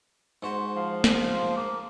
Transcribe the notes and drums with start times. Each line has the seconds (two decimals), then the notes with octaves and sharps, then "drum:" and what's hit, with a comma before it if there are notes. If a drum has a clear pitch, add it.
0.43 G#2 F#4 C5
0.76 F3
1.04 drum: snare
1.56 A#3